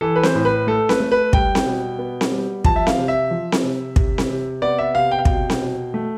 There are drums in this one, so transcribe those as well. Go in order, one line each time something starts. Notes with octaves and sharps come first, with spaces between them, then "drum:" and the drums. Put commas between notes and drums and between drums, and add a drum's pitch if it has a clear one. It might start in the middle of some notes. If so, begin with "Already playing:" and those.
E3 A4
B4
C5, drum: snare C4
A2
B4
A3 A4
B4, drum: snare C4
A3
B4
G3 G5, drum: kick
drum: snare C4
B2
B3
drum: snare C4
G3
F3 A5, drum: kick
E5
F5, drum: snare C4
C3
E5
F3
drum: snare C4
C3
C3, drum: kick
drum: snare C4
C3
B3 D5
E5
C3 F5
G5
F5
B2 G5, drum: kick
drum: snare C4
B2
A3